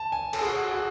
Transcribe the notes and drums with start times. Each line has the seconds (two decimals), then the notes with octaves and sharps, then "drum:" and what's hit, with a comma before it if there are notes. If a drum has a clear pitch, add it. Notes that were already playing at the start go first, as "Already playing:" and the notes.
Already playing: A5
0.12 G#5
0.33 A4, drum: cymbal
0.41 G#4
0.47 F#4
0.68 G#4
0.74 F#4